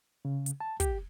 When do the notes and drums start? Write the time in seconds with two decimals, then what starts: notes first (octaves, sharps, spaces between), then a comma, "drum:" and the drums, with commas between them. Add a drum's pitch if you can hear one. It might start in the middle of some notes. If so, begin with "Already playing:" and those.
0.25 C#3
0.46 drum: hi-hat
0.60 A5
0.80 G4, drum: kick, hi-hat